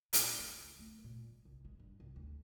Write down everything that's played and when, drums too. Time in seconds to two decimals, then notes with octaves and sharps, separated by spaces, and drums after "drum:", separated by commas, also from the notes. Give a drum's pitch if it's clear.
0.13 A#2, drum: hi-hat
0.40 A3
0.53 C#2
0.79 A3
1.04 A#2
1.30 G#3
1.45 C2
1.65 G#3
1.80 G2
2.00 C2
2.16 D2